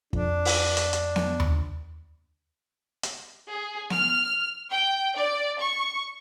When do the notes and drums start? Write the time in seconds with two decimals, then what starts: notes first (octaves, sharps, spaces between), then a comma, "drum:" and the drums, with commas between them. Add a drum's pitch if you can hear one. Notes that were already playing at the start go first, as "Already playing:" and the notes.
0.13 F2 D4, drum: kick
0.45 drum: open hi-hat
0.77 drum: hi-hat
0.93 drum: hi-hat
1.16 drum: snare B3
1.40 drum: tom D#2
3.03 drum: hi-hat
3.49 G#4
3.90 F6, drum: snare B3
4.70 G5
5.15 D5
5.60 C#6